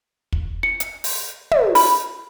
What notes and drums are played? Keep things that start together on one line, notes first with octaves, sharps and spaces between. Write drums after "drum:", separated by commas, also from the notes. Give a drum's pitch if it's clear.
drum: kick
C#7
drum: hi-hat
drum: open hi-hat
drum: tom
B5, drum: open hi-hat